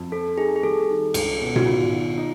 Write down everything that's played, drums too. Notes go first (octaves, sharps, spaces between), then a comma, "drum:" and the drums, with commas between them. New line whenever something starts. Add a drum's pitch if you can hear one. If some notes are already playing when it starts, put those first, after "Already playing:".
Already playing: F2
C4 A4
D#4 G#4
G#4
G3 A4
D#3
C#2, drum: cymbal
B2
F#4, drum: tom A2
D#3 F4
D#3
D#4